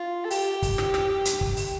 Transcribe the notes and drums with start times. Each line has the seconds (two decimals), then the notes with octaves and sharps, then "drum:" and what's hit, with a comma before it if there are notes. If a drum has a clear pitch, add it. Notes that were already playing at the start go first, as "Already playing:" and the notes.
Already playing: F4
0.25 A4
0.30 G4, drum: open hi-hat
0.62 drum: kick, open hi-hat
0.78 drum: snare
0.94 drum: snare
1.25 drum: hi-hat
1.41 drum: kick
1.57 drum: open hi-hat